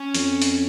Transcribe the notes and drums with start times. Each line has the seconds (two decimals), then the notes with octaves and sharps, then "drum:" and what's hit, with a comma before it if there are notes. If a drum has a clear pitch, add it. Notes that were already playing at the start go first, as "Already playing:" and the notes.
Already playing: C#4
0.15 F2, drum: hi-hat
0.42 drum: hi-hat